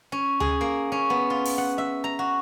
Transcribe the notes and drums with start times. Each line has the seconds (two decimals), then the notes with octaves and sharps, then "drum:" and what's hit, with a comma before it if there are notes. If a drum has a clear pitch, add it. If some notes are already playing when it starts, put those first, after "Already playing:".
0.12 C#4
0.40 G#4, drum: tom D2
0.61 A#3
0.92 C#4
1.10 B3
1.30 F4
1.46 drum: open hi-hat
1.58 F#5
1.78 E5
2.04 A#5
2.19 F#4